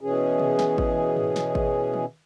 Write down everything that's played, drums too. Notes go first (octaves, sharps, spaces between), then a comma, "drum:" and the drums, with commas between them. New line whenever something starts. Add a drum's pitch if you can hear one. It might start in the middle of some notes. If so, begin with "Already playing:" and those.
B2 E3 C#4 G#4
drum: tom B2
drum: snare
drum: kick G#1
drum: tom G#2
drum: snare
drum: kick G#1
drum: tom D#3